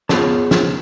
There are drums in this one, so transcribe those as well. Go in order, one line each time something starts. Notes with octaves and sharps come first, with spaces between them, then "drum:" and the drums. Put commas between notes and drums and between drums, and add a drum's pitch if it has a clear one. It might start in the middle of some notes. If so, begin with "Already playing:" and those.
B3 F4 G#4 C#5 A5, drum: snare
drum: snare